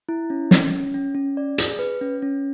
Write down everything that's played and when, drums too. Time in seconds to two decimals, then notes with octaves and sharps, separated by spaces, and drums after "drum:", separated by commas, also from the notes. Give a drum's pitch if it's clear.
0.09 E4
0.30 C#4
0.51 C#4, drum: snare
0.72 C#4
0.94 C#4
1.15 C#4
1.37 D5
1.58 G#4, drum: hi-hat
1.79 B4
2.01 C#4
2.22 C#4